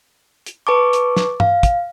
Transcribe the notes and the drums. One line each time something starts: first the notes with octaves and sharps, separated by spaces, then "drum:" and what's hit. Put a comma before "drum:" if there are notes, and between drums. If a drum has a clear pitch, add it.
drum: hi-hat
B4 A5 C#6 D6
drum: hi-hat
drum: snare
F5, drum: tom G2
drum: kick, hi-hat